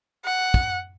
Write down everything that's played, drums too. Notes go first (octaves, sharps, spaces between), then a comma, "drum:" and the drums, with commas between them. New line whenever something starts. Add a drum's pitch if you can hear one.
F#5
drum: kick